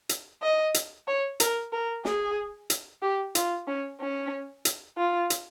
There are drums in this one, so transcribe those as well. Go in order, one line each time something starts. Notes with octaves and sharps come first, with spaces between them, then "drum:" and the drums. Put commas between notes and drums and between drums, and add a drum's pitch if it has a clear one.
drum: hi-hat
D#5
drum: hi-hat
C#5
A#4, drum: hi-hat
A#4
G#4, drum: snare
drum: hi-hat
G4
F4, drum: hi-hat
C#4
C#4
drum: hi-hat
F4
drum: hi-hat